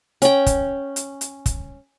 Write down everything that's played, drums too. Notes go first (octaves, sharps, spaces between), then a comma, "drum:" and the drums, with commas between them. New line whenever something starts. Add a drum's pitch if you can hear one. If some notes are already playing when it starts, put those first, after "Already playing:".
C#4 G5, drum: hi-hat
drum: kick, hi-hat
drum: hi-hat
drum: hi-hat
drum: kick, hi-hat